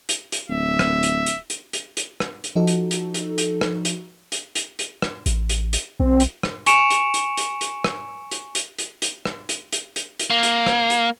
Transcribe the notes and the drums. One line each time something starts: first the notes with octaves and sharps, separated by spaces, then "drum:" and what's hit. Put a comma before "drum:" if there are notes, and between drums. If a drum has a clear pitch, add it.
drum: hi-hat
drum: hi-hat
D1 E5
drum: rim click
drum: hi-hat
drum: hi-hat
drum: hi-hat
drum: hi-hat
drum: hi-hat
drum: rim click
drum: hi-hat
F3 D#4 F#4 A4
drum: hi-hat
drum: hi-hat
drum: hi-hat
drum: hi-hat
drum: rim click
drum: hi-hat
drum: hi-hat
drum: hi-hat
drum: hi-hat
drum: rim click
A1, drum: hi-hat
drum: hi-hat
drum: hi-hat
B1 C4
drum: hi-hat
drum: rim click
G#5 C#6 C#7 D7 E7 F7, drum: hi-hat
drum: hi-hat
drum: hi-hat
drum: hi-hat
drum: hi-hat
drum: rim click
drum: hi-hat
drum: hi-hat
drum: hi-hat
drum: hi-hat
drum: rim click
drum: hi-hat
drum: hi-hat
drum: hi-hat
drum: hi-hat
A#3
drum: hi-hat
drum: rim click
drum: hi-hat